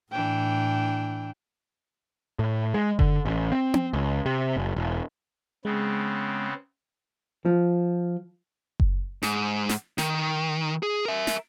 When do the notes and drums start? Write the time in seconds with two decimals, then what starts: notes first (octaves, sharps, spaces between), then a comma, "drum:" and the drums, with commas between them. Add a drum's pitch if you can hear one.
0.12 A2 E3 D4 G5
2.39 A2
2.74 G#3
2.99 D3, drum: kick F#1
3.25 A1
3.52 C4
3.74 drum: tom C4
3.93 C#2
4.26 C3
4.56 F#1
4.76 E1
5.65 C#3 G#3 B3 C4
7.45 F3
8.80 drum: kick F#1
9.23 G#2, drum: snare
9.69 drum: snare
9.98 D#3, drum: snare
10.83 G#4
11.05 A#4 E5
11.27 drum: snare